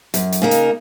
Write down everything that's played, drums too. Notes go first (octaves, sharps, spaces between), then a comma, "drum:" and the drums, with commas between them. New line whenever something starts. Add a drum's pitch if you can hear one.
F#2, drum: hi-hat
drum: hi-hat
C#3 A#3 D#4 A#4
drum: hi-hat